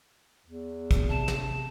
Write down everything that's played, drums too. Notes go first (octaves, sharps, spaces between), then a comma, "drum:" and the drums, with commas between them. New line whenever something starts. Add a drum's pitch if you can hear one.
E2
drum: kick, hi-hat
C3 A5
drum: snare